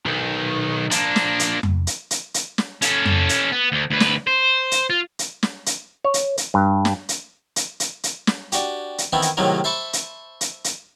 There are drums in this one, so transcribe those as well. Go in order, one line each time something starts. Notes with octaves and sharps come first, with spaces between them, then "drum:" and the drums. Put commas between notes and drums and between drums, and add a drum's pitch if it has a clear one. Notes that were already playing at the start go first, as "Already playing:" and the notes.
B1 D#3
F3 A#3 D4, drum: hi-hat
drum: snare
drum: hi-hat
drum: tom F2
drum: hi-hat
drum: hi-hat
drum: hi-hat
drum: snare
C#4 A4, drum: hi-hat
drum: tom F2
drum: hi-hat
B3
D2
D2 B4
drum: snare
C5
drum: hi-hat
F4
drum: hi-hat
drum: snare
drum: hi-hat
C#5
drum: hi-hat
drum: hi-hat
G2
drum: snare
drum: hi-hat
drum: hi-hat
drum: hi-hat
drum: hi-hat
drum: snare
D4 F#4 G4, drum: hi-hat
drum: hi-hat
D#3 E3 B3 C4 E4
drum: hi-hat
A2 C3 D#3 F#3 G#3 A#3
C5 E5 A5 B5 C#6
drum: hi-hat
drum: hi-hat
drum: hi-hat